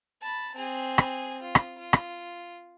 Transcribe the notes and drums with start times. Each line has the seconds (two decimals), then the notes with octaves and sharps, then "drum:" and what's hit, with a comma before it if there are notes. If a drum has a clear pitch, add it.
0.22 A5 B5
0.55 C4 G#4
0.98 drum: rim click
1.42 F4
1.55 drum: rim click
1.78 F4
1.93 drum: rim click